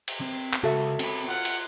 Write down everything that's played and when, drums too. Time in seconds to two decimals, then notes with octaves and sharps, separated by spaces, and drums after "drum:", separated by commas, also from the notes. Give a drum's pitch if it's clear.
0.08 drum: cymbal
0.21 C4
0.54 drum: clap
0.64 C#2 F#4 A4 E5
0.99 C4 B5, drum: cymbal
1.29 F4 F#5
1.45 drum: cymbal